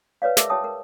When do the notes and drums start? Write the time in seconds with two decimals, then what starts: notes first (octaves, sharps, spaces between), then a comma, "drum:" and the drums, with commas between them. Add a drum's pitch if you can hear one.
0.22 B4 C#5 D5 F5
0.37 E4 G#4 A#4 E5 D6 E6, drum: snare
0.50 E4 C#5 G5 A5 D#6
0.64 A#4